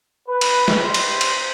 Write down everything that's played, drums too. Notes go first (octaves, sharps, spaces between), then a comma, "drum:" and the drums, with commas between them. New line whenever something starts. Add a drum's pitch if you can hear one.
B4
drum: cymbal
drum: snare
G#2 E3 G3 C5
drum: cymbal
drum: cymbal